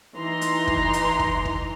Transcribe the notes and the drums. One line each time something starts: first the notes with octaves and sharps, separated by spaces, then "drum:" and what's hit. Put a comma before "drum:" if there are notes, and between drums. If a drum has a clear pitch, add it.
E3 D#4 A#5 C6
drum: hi-hat
drum: kick
drum: hi-hat
drum: kick
drum: kick